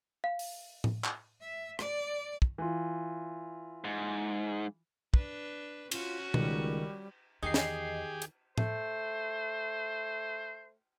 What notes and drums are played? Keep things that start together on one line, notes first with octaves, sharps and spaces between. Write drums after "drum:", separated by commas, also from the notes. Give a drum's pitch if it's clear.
F5
drum: open hi-hat
drum: tom A2
drum: clap
E5
D5, drum: rim click
drum: kick
E3 F4
G#2
D4 B4, drum: kick
C#4 F4 F#4, drum: cymbal
C#2 D#3 G3, drum: tom
E2 D#3 G4 G#4 D#5 C7
drum: snare
drum: hi-hat
A3 C5, drum: tom A2